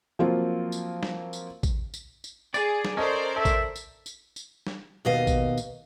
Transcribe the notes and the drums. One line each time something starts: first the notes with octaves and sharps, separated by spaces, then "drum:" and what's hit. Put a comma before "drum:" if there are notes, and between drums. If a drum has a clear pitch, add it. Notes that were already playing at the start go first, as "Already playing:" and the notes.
F3 F#3 A#3 C4 F4
drum: tambourine
drum: snare
drum: tambourine
drum: kick A1, tambourine
drum: tambourine
drum: tambourine
G#4 D5, drum: tambourine
drum: snare
C#4 A4 A#4 C5 D5 D#5
A4 E5
drum: kick A1, tambourine
drum: tambourine
drum: tambourine
drum: tambourine
drum: snare
D#2 B2 D#5 F5
drum: kick A1, tambourine
drum: tambourine